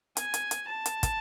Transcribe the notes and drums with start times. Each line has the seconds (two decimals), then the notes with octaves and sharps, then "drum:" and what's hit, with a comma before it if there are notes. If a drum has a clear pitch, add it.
0.17 G#5, drum: hi-hat
0.34 drum: hi-hat
0.51 drum: hi-hat
0.68 A5
0.86 drum: hi-hat
1.03 drum: kick, hi-hat